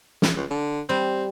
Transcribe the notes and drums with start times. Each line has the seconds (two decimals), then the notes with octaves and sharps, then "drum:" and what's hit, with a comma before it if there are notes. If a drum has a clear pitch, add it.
0.22 drum: snare
0.36 C#2
0.51 D3
0.89 G3 C4